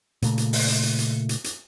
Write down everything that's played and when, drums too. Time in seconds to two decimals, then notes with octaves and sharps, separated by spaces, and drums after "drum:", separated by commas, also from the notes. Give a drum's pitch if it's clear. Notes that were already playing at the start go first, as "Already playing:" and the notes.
0.22 A#2 C#3 A3, drum: hi-hat
0.38 drum: hi-hat
0.53 drum: open hi-hat
0.68 drum: hi-hat
0.83 drum: hi-hat
0.99 drum: hi-hat
1.29 drum: hi-hat
1.44 drum: hi-hat